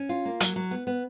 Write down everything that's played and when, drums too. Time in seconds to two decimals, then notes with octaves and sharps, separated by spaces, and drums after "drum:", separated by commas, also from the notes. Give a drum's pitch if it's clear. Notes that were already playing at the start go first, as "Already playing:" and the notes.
Already playing: C#4
0.09 F4
0.25 A#3
0.40 F#3, drum: hi-hat
0.56 F#3
0.71 B3
0.87 B3